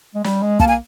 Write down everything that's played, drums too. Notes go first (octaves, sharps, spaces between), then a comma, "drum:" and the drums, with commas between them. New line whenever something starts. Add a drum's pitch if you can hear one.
G#3
G3, drum: snare
G#3
A#3 A5, drum: kick
G#5